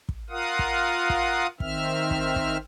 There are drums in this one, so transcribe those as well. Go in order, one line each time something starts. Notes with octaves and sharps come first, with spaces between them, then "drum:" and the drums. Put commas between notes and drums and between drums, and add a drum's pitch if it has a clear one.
drum: kick
F4 A#4 F5 F#5 D#6
drum: kick
drum: kick
D#3 C4 E5 F6, drum: kick
drum: kick
drum: kick